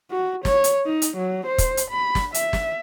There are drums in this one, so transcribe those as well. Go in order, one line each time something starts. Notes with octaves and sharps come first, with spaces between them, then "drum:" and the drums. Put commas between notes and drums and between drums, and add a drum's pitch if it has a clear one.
F#4
C#5, drum: snare
drum: hi-hat
D#4
drum: hi-hat
F#3
C5
drum: kick, hi-hat
drum: hi-hat
B5
drum: snare
E5, drum: hi-hat
drum: snare